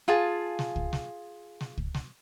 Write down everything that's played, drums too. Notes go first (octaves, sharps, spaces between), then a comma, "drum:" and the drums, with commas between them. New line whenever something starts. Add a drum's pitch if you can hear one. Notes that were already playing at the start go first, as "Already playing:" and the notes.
F4 G#4 A5
drum: snare
drum: kick
drum: snare
drum: snare
drum: kick
drum: snare